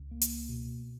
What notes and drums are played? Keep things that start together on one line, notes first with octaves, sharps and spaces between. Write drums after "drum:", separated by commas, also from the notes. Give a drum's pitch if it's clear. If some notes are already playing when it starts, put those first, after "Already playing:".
Already playing: C#2
A#3
drum: hi-hat
B2